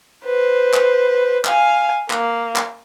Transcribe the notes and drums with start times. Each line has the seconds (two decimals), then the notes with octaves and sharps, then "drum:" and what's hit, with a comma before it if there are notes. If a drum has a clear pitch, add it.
0.25 B4 C5
0.74 drum: clap
1.45 F5 G#5, drum: clap
2.10 A#3, drum: clap
2.56 drum: clap